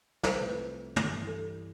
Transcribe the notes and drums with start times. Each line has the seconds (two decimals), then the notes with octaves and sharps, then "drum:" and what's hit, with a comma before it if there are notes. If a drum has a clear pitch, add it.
0.23 C5, drum: snare
0.33 C2 C3 F3 A3 B4
0.49 B4
0.96 G2 E3 G3, drum: tom
1.27 A4